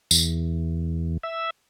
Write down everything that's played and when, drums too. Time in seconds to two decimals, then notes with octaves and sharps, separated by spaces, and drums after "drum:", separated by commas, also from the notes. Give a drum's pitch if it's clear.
0.11 E2, drum: tambourine
1.23 E5